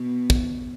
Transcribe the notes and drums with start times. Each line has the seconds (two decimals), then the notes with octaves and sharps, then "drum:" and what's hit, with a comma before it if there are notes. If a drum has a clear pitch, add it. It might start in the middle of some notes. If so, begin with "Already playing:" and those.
Already playing: B2 B3
0.30 drum: kick